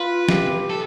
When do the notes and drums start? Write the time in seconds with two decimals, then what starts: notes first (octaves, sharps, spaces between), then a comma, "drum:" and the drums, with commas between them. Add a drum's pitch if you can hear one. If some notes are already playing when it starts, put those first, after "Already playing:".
Already playing: F4 B4
0.29 G4, drum: snare
0.70 A4